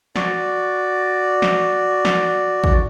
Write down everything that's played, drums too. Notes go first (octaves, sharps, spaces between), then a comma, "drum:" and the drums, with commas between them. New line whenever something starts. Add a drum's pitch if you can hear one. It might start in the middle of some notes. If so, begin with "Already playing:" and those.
F#4 D5, drum: snare
drum: snare
drum: snare
drum: kick